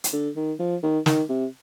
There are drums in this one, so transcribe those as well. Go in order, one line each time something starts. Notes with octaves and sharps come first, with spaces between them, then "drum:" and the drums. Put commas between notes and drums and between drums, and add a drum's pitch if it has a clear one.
drum: hi-hat
D3
D#3
F3
D#3
D#3, drum: snare
C3